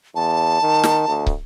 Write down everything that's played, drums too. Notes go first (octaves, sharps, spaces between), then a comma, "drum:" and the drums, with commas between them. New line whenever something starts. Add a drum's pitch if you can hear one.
E2 A5
D#3
drum: snare
D2
drum: kick